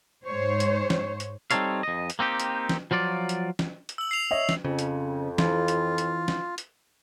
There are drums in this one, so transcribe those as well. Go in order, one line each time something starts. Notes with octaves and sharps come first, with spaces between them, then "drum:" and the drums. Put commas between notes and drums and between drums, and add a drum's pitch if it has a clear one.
G#2 C5 C#5
drum: hi-hat
drum: snare
drum: hi-hat
G3 C4 D#4 A4 C#5 F5, drum: hi-hat
F2 D#5
drum: hi-hat
A#3 C4 D#4 G4
drum: hi-hat
drum: snare
F3 F#3 F4 D5
drum: hi-hat
drum: snare
drum: hi-hat
E6 F#7
C7 F7
C#5 D#5 E5
drum: snare
F2 C#3
drum: hi-hat
E3 F4, drum: snare
drum: hi-hat
drum: hi-hat
drum: snare
drum: hi-hat